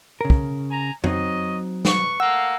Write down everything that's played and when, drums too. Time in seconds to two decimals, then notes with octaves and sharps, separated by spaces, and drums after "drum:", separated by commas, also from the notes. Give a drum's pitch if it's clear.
0.21 C#3 A#4
0.30 drum: kick
0.70 G#5 A#5
1.04 F#3 C4 D#4 C#5 D#5, drum: tom F2
1.85 B4 C#6, drum: snare
2.20 A3 A#3 F5 F#5 E6